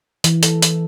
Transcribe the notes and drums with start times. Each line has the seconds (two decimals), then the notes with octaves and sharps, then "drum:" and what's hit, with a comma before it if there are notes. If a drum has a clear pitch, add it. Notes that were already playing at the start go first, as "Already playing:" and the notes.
0.24 E3, drum: hi-hat
0.43 A4, drum: hi-hat
0.62 drum: hi-hat